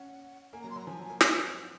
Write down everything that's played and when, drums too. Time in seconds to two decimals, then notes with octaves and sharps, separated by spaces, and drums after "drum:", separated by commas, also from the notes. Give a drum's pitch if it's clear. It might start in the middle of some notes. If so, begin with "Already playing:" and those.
Already playing: C#4 F#5
0.53 A#3 G#5
0.62 F#3 A#5
0.71 C6
0.76 F#3 A#5
0.87 F3 G#5
0.99 F#3
1.04 G#5
1.10 A#3
1.21 C4 C6, drum: snare